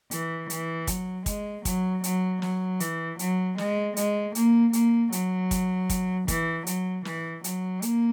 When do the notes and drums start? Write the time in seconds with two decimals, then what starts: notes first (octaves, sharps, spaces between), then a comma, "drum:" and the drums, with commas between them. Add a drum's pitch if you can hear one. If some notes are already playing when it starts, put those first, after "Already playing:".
0.11 E3, drum: hi-hat
0.50 E3, drum: hi-hat
0.87 F#3, drum: kick, hi-hat
1.26 G#3, drum: kick, hi-hat
1.65 F#3, drum: kick, hi-hat
2.04 F#3, drum: hi-hat
2.42 F#3, drum: snare
2.80 E3, drum: hi-hat
3.19 F#3, drum: hi-hat
3.58 G#3, drum: snare
3.97 G#3, drum: hi-hat
4.35 A#3, drum: hi-hat
4.73 A#3, drum: hi-hat
5.12 F#3, drum: hi-hat
5.51 drum: kick, hi-hat
5.90 drum: kick, hi-hat
6.28 E3, drum: kick, hi-hat
6.67 F#3, drum: hi-hat
7.05 E3, drum: snare
7.44 F#3, drum: hi-hat
7.82 A#3, drum: hi-hat